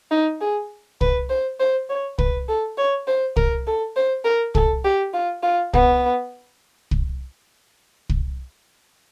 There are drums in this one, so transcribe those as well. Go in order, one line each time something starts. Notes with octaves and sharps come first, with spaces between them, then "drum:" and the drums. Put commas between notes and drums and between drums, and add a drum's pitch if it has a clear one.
D#4
G#4
B4, drum: kick
C5
C5
C#5
B4, drum: kick
A4
C#5
C5
A#4, drum: kick
A4
C5
A#4
A4, drum: kick
G4
F4
F4
B3, drum: kick
drum: kick
drum: kick